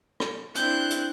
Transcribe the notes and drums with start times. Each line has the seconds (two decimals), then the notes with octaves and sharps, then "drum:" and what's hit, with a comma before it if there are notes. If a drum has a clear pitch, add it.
0.20 drum: rim click
0.55 C4 D4 E4 F#6 G6, drum: hi-hat
0.90 drum: hi-hat